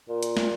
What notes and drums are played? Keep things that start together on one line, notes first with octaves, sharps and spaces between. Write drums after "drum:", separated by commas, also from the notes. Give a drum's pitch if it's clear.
A#2
drum: hi-hat
drum: snare